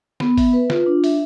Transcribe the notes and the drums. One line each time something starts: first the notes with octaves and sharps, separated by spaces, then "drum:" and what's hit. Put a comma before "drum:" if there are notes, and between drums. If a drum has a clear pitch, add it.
B3, drum: snare
E5, drum: kick G1, open hi-hat
B4
F4, drum: snare
D4
E5, drum: open hi-hat